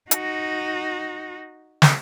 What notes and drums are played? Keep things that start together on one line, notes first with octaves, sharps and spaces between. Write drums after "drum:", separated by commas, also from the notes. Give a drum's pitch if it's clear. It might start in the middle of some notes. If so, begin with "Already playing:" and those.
D#4 F#4, drum: hi-hat
drum: snare